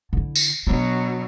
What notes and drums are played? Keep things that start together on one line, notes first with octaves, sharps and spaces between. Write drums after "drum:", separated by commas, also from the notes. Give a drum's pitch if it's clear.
D3 E4
drum: tambourine
B2 F#3 B3 D4